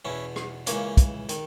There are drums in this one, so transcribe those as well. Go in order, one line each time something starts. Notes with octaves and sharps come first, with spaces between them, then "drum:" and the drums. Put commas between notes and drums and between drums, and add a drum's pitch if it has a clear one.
E2 B2 C#4 E4
drum: rim click
C#2 C#3 E3 A#3 C#4, drum: hi-hat
drum: kick, hi-hat
D#3, drum: hi-hat